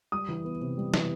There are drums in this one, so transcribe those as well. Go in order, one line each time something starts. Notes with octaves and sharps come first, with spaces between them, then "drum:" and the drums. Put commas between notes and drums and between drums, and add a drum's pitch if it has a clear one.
G3 D#6
E3
B3
C3
G3
E3, drum: snare